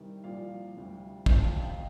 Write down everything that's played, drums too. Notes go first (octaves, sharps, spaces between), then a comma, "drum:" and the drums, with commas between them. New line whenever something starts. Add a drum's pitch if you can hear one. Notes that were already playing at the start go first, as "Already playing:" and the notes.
Already playing: C2 C3 D#3 G3
C2 A#2 F3 D5 F5
D2 C3 G3
D2 C3 F3, drum: kick
F5 A5
F5 A5
D#5 G5